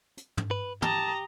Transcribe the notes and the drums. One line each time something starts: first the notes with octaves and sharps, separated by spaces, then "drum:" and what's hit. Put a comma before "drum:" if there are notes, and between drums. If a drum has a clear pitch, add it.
drum: hi-hat
drum: tom
B4
G4 A5 A#5 D#6, drum: tom